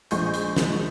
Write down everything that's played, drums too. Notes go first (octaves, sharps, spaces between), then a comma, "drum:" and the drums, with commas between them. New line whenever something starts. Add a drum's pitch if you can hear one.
A#1 G#3 C#6 G6, drum: hi-hat
drum: hi-hat
drum: snare